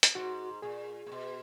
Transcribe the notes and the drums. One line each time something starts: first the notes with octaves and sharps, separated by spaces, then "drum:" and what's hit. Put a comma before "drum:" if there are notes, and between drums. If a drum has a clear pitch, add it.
drum: hi-hat
G#2 F#4
A#2 G#4
A#2
B2